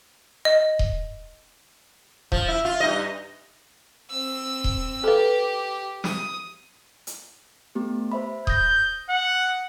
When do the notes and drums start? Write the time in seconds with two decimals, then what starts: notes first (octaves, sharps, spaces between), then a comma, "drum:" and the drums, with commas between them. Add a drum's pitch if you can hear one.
0.45 D#5
0.79 drum: kick D#1
2.32 F3, drum: kick D#1
2.48 E4
2.65 F4
2.80 G2 D#4 D#5
4.10 C4 E6
4.64 drum: kick D#1
5.04 G4 A4 B4
6.04 D#6, drum: snare
7.07 drum: hi-hat
7.75 A3 B3 G4
8.12 C5 E5 B5
8.47 D#6 G6 A#6, drum: kick D#1
9.09 F#5